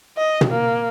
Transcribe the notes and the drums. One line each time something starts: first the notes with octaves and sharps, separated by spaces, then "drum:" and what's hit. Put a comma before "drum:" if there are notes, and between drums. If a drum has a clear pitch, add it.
D#5
drum: tom
A#3